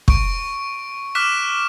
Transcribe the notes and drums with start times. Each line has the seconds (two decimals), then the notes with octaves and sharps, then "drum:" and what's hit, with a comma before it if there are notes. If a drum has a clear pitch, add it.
0.08 C#6 D7, drum: kick
1.15 D6 F6 F#6 B6 E7